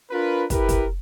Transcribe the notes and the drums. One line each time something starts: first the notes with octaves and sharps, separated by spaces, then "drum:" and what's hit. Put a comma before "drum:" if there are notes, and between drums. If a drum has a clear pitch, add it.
D4 F4 A#4 B4
E4 G4 A#4 B4, drum: kick, hi-hat
drum: kick, hi-hat